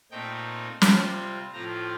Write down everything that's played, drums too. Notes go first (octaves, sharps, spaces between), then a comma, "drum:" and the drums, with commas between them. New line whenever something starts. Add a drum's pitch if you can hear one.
A#2 A3 C4 D#4 G5
C3 G3 C4 F4 A5, drum: snare
A2 F3 C4 F4 A#5